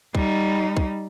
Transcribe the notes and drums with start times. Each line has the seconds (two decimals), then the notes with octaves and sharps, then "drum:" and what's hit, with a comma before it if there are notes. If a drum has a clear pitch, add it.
0.15 G3 D#4, drum: kick
0.77 drum: kick